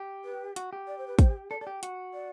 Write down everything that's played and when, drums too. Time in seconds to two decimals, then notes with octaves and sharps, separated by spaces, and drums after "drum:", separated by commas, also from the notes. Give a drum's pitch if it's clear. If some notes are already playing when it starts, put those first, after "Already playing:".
Already playing: G4
0.25 B4
0.56 F#4, drum: hi-hat
0.73 G4
0.87 D5
0.98 C5
1.08 B4
1.19 C5, drum: kick, hi-hat
1.51 A4 D5
1.61 A4 D5
1.67 G4
1.83 F#4, drum: hi-hat
2.14 D5